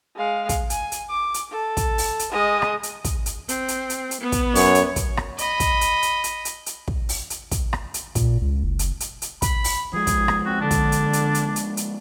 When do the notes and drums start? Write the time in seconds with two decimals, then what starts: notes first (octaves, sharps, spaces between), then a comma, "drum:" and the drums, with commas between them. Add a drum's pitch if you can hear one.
0.16 G#3 F5
0.49 drum: kick, hi-hat
0.70 G#5, drum: hi-hat
0.92 drum: hi-hat
1.09 D6
1.34 drum: hi-hat
1.51 A4
1.77 drum: kick, hi-hat
1.98 drum: open hi-hat
2.19 drum: hi-hat
2.32 G#3 D#5
2.62 drum: rim click
2.83 drum: hi-hat
3.05 drum: kick, hi-hat
3.26 drum: hi-hat
3.49 C4, drum: hi-hat
3.68 drum: hi-hat
3.90 drum: hi-hat
4.11 drum: hi-hat
4.21 B3
4.32 drum: kick, hi-hat
4.55 F#2 C#5, drum: open hi-hat
4.75 drum: hi-hat
4.96 drum: kick, hi-hat
5.17 drum: rim click
5.38 D#5 B5, drum: hi-hat
5.60 drum: kick, hi-hat
5.81 drum: hi-hat
6.02 drum: hi-hat
6.24 drum: hi-hat
6.45 drum: hi-hat
6.66 drum: hi-hat
6.88 drum: kick
7.09 drum: open hi-hat
7.30 drum: hi-hat
7.51 drum: kick, hi-hat
7.73 drum: rim click
7.94 drum: hi-hat
8.15 A#2, drum: kick, hi-hat
8.41 C#2
8.64 F#1
8.79 drum: hi-hat
9.00 drum: hi-hat
9.22 drum: hi-hat
9.42 B5, drum: kick, hi-hat
9.64 drum: open hi-hat
9.94 F3 G#3 G#4
10.07 drum: kick, hi-hat
10.28 drum: rim click
10.46 C4 F#4
10.61 D3 D4
10.71 drum: kick, hi-hat
10.92 drum: hi-hat
11.13 drum: hi-hat
11.35 drum: hi-hat
11.56 drum: hi-hat
11.77 drum: hi-hat